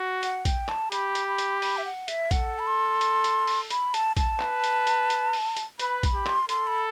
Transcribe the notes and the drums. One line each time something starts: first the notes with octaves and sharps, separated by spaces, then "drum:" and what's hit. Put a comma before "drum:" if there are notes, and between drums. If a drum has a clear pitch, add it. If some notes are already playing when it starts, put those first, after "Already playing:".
Already playing: F#4
F#5, drum: hi-hat
G5, drum: kick, hi-hat
A5, drum: clap
G4 B5, drum: hi-hat
drum: hi-hat
B5
drum: hi-hat
B5, drum: open hi-hat
E5
F#5
E5, drum: hi-hat
A4 F#5, drum: kick, hi-hat
B5
C6
drum: hi-hat
drum: hi-hat
drum: open hi-hat
B5, drum: hi-hat
A5, drum: hi-hat
A5, drum: kick, hi-hat
B4, drum: clap
drum: hi-hat
drum: hi-hat
drum: hi-hat
drum: open hi-hat
drum: hi-hat
B4 B5, drum: hi-hat
B5, drum: kick, hi-hat
G4
C6, drum: clap
A4 C6, drum: hi-hat
B5